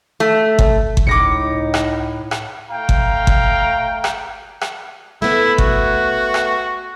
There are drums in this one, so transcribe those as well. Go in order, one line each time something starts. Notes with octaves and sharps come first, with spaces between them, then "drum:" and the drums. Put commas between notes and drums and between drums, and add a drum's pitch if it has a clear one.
A3
drum: kick G1
drum: kick G1
C#2 A2 D#4 D6 A#6 C#7
drum: rim click
drum: rim click
A3 F5 G5 A#5
drum: kick G1
drum: kick G1
drum: rim click
drum: rim click
A3 B3 E4
F#4, drum: kick G1
drum: rim click